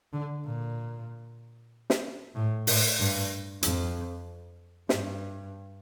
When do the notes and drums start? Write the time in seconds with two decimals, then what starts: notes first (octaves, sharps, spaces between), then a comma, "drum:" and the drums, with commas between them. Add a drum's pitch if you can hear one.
0.13 D3
0.45 A#2
1.90 drum: snare
2.35 A2
2.67 A2, drum: open hi-hat
2.99 G2
3.63 F2, drum: hi-hat
4.89 G2, drum: snare